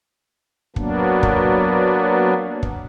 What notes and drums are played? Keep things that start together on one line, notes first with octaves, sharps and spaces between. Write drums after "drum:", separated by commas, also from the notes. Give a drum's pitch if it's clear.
F#3 A#3 B3 D4, drum: kick
drum: kick
drum: kick